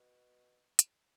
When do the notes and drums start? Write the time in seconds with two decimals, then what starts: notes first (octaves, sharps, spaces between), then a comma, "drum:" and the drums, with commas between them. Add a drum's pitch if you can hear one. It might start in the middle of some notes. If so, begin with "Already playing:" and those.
Already playing: B2
0.79 drum: hi-hat